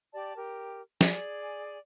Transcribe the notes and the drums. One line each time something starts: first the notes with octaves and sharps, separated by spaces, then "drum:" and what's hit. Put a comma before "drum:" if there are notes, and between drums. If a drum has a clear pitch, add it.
G4 D5 A5
G4 A#4
G#4 D5 G#5, drum: snare